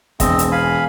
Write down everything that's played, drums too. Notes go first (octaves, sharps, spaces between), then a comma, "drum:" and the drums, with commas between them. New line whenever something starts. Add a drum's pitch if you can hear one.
E1 C4 D#5, drum: kick, hi-hat
drum: hi-hat
F5 G#5 B5